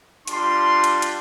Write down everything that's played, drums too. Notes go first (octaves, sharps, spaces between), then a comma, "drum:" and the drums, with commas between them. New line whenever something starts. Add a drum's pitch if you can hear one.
G3 D4 F4 C6, drum: hi-hat
drum: hi-hat
drum: hi-hat